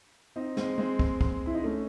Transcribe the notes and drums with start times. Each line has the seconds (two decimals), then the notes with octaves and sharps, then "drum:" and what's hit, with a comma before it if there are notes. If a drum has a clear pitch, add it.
0.36 C4 D#4
0.57 G#3 C4, drum: snare
0.78 G#3 C4
0.99 drum: kick
1.21 drum: kick
1.46 E4
1.54 D#4
1.63 A3 C#4